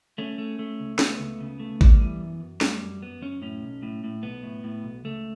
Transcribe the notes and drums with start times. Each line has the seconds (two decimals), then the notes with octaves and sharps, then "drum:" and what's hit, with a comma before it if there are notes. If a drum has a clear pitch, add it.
0.18 A3 C#4
0.38 A3
0.59 A3
0.80 C#2
0.99 A3 B3, drum: snare
1.20 C#2
1.41 C#3
1.60 A3
1.81 G3, drum: kick
2.00 E3
2.21 F#2
2.41 F#2
2.61 G3 A3, drum: snare
2.82 F#2
3.02 F#2 B3
3.22 F#2 C#4
3.42 A2 C#4
3.63 B1
3.83 A2
4.04 A2
4.23 B1 B3
4.43 A2
4.64 A2
4.84 B1
5.05 C#2 A3